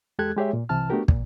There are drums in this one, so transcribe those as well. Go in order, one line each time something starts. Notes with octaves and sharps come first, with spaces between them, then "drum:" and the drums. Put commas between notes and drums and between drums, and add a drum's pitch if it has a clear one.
E2 G#3 G4 A4 F#6 G#6
G#3 G4 G#4 C#5 E5
A#2
C2 C3 E3 A5 F6
A3 B3 D4 F#4 G4 A#4
A#2, drum: kick